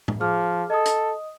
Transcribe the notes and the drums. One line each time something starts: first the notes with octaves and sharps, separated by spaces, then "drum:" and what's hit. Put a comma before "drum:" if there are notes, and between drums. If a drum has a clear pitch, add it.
drum: tom A2
F3 G#4 D6 F6
A4 D#5 D#6
drum: hi-hat